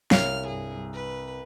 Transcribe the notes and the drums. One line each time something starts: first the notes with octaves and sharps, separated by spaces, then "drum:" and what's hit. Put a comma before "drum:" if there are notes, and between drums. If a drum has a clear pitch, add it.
C2 C#5 F5 F6, drum: snare
G2 G#4
B4